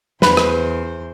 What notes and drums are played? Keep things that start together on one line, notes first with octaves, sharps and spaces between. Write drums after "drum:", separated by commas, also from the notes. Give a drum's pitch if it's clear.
E2 B4 C5, drum: snare
drum: rim click